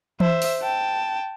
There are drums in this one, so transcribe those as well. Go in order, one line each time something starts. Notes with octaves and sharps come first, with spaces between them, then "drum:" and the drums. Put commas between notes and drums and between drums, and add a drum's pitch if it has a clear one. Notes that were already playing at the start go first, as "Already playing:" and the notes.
C5 E5, drum: tom E3
drum: open hi-hat
G5 A5